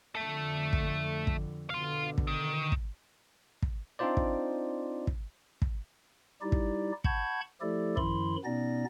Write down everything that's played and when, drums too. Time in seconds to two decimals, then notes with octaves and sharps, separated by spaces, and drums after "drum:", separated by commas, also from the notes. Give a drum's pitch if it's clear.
0.15 F2 D3 A4 E5
0.73 drum: kick
1.27 drum: kick
1.70 B2 D3 F5 C6
2.18 drum: kick
2.27 D#3
2.72 drum: kick
3.62 drum: kick
3.99 C4 D4 D#4 F4 C5 D5
4.17 drum: kick
5.07 drum: kick
5.62 drum: kick
6.42 G3 D#4 E4 G4 D5
6.52 drum: kick
7.04 F#5 A5 B5 C#6 G6 G#6, drum: kick
7.61 F3 A3 E4 G4 A4 D5
7.97 F#2 D#3 F3 E4 B5 C6, drum: kick
8.45 B2 B3 C#4 D#4 D5 A#6